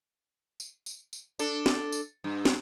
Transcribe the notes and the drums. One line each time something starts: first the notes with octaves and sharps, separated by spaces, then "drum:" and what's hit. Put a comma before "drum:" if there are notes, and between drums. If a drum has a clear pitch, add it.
drum: tambourine
drum: tambourine
drum: tambourine
D4 A4, drum: tambourine
drum: snare
drum: tambourine
G2
drum: snare